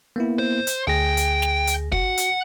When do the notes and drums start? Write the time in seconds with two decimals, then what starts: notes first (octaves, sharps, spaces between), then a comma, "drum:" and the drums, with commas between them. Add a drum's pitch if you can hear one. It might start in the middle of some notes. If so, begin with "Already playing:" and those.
0.16 A#3 B3 E4
0.39 C5
0.67 drum: hi-hat
0.88 D2 G#4 G5 A#6
1.17 drum: hi-hat
1.42 drum: snare
1.67 drum: hi-hat
1.92 F#4 F#5, drum: kick
2.17 drum: hi-hat